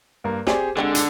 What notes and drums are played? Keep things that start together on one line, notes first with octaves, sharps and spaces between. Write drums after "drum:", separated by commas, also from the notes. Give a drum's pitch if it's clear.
G2 A#3
C4 G4 G#4 C5 D5, drum: snare
D3 G#3 C4 G4 G#4
drum: hi-hat